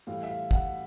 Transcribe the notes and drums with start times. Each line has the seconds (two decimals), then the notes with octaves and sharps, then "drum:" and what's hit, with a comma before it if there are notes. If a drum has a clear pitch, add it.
0.07 A2 E3 G3 F5
0.23 E5
0.29 F5
0.51 F#5, drum: kick